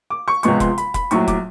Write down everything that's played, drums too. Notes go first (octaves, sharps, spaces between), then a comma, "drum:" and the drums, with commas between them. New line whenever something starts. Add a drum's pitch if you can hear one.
D6
C#6
C#2 C3 F3 G#3 B3 C#6, drum: hi-hat
C6, drum: kick F1, hi-hat
B5, drum: hi-hat
B5, drum: kick F1, hi-hat
A#1 A2 F#3 C#6, drum: hi-hat
D6, drum: kick F1, hi-hat